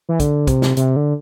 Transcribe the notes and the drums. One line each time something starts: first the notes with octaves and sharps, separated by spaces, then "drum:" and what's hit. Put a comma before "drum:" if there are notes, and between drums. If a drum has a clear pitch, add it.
E3
D3, drum: kick, hi-hat
C3, drum: kick, hi-hat
drum: snare
C3, drum: hi-hat
D3